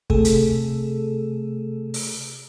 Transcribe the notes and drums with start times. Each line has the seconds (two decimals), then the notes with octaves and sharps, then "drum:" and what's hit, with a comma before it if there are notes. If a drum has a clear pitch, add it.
0.10 C3 A3 G#4 A4, drum: kick
0.25 drum: hi-hat
1.94 drum: open hi-hat